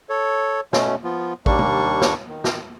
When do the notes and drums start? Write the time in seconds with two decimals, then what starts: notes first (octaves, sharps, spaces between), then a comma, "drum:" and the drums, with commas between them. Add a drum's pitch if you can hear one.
0.09 A4 C#5
0.73 B2 A3 C#4, drum: snare
1.04 F3 B3 F4
1.46 D#2 G3 A#3 D4 C#6, drum: kick
1.59 drum: tom
2.01 drum: snare
2.29 D#3
2.44 drum: snare